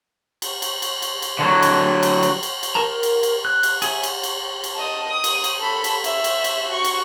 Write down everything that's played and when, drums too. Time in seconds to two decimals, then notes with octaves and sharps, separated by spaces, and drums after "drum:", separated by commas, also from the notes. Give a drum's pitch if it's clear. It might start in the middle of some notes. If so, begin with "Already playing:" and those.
0.42 drum: cymbal
0.62 drum: cymbal
0.82 drum: cymbal
1.02 drum: cymbal
1.22 drum: cymbal
1.39 D3 F#3
1.63 drum: cymbal
2.03 drum: cymbal
2.23 drum: cymbal
2.43 drum: cymbal
2.63 drum: cymbal
2.75 A#4 A5 A#5
2.87 A#4
3.03 drum: cymbal
3.23 drum: cymbal
3.45 F#6
3.63 drum: cymbal
3.82 G#4 E5, drum: cymbal
4.03 drum: cymbal
4.23 drum: cymbal
4.64 drum: cymbal
4.75 D#5 A5
5.10 D#6
5.24 drum: cymbal
5.44 drum: cymbal
5.59 A4 B5
5.84 drum: cymbal
6.04 E5, drum: cymbal
6.24 drum: cymbal
6.44 drum: cymbal
6.67 F#4 C#6
6.84 drum: cymbal